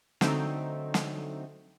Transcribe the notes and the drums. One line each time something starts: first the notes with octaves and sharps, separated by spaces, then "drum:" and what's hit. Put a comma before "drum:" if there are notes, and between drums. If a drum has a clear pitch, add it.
D3 F#3 A3 C4 D#4, drum: snare
drum: snare